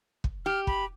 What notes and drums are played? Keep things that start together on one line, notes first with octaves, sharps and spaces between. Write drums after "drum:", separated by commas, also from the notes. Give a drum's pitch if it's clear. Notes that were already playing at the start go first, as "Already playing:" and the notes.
drum: kick
G4 F6
B5, drum: kick